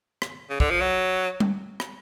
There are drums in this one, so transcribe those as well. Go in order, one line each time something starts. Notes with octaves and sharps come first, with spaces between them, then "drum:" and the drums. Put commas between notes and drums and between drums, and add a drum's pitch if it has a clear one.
drum: rim click
C#3
D3, drum: kick
F3
F#3
drum: tom G3
drum: rim click